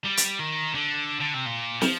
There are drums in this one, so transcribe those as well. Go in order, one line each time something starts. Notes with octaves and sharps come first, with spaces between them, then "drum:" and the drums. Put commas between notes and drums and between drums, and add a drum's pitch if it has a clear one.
G3
drum: hi-hat
D#3
D3
D3
C3
A#2
F3, drum: snare